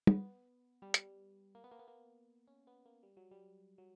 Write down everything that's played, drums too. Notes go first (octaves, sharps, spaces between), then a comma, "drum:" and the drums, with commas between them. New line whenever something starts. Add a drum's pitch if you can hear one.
B3, drum: tom
G3
drum: hi-hat
A#3
B3
A#3
B3
A#3
C#4
B3
A#3
G3
F#3
G3
F#3